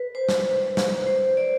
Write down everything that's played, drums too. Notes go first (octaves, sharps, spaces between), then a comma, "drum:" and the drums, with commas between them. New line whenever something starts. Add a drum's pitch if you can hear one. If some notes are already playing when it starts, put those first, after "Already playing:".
Already playing: B4
C5
drum: snare
drum: snare
C5
D5